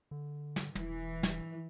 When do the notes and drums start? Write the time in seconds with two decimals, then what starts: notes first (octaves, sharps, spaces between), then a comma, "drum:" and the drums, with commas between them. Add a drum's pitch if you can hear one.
0.11 D3
0.56 drum: snare
0.75 E1 E3, drum: tom
1.23 drum: snare